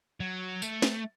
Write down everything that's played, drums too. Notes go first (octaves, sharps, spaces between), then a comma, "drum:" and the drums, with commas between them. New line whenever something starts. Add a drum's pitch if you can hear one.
F#3
A3, drum: tambourine
drum: snare